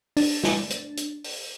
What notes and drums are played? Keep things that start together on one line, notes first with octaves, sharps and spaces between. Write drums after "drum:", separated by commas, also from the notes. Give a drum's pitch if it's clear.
D4, drum: open hi-hat
drum: snare
drum: hi-hat
drum: hi-hat
drum: open hi-hat